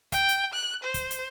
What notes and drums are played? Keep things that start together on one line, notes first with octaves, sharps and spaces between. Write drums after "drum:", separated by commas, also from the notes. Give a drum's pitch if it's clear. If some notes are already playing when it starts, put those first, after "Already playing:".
G5, drum: kick, hi-hat
drum: hi-hat
F#6
C5
drum: kick, hi-hat
drum: hi-hat